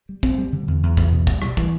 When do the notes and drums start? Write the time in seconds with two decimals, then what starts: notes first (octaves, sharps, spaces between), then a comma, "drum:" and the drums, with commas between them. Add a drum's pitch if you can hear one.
0.09 G3
0.23 C4, drum: kick
0.38 G3
0.53 D3
0.67 E2
0.83 E2
0.97 E2, drum: kick
1.12 B2
1.27 G3, drum: kick
1.42 G3, drum: rim click
1.57 E3, drum: kick